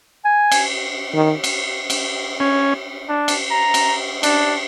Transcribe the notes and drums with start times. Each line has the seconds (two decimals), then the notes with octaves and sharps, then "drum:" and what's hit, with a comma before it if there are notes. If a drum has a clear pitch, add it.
0.25 G#5
0.52 drum: cymbal
1.14 D#3
1.44 drum: cymbal
1.90 drum: cymbal
2.40 C#4
3.09 D4
3.28 drum: cymbal
3.51 A#5
3.74 drum: cymbal
4.23 D4, drum: cymbal